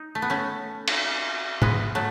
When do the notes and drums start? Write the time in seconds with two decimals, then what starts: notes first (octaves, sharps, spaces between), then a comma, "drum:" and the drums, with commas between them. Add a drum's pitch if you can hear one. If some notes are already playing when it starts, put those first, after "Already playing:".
Already playing: D#4
0.15 A3
0.22 B3
0.30 A3 C#4
0.88 drum: cymbal
1.62 G#3 B3, drum: tom
1.95 F#3 A3